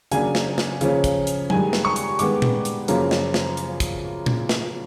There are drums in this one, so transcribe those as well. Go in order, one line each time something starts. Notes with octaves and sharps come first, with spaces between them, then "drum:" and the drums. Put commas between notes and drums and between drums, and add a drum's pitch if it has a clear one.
C#3 F#3 A#3 D4 G#5, drum: hi-hat
drum: snare
drum: snare
C#3 F3 A#3 C#4, drum: hi-hat
drum: kick, hi-hat
drum: hi-hat
G2 D#3 G#3 G#5, drum: tom F#3
drum: snare
C#6
drum: hi-hat
G2 D#3 G#3 B3 D6, drum: hi-hat
drum: tom A#2
drum: hi-hat
F#2 C#3 F3 A#3 C#4, drum: hi-hat
drum: snare
drum: snare
drum: hi-hat
drum: kick, hi-hat
drum: tom A#2
drum: snare